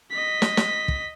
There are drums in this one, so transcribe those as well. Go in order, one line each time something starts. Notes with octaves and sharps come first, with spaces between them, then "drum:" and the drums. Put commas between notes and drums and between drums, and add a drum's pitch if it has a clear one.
D#5 B6
drum: snare
drum: snare
drum: kick